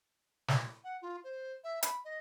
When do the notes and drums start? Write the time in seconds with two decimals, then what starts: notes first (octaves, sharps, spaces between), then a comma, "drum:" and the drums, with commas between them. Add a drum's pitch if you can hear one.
0.48 drum: snare
0.84 F#5
1.02 F4
1.24 C5
1.64 E5
1.83 B5, drum: hi-hat
2.05 D#5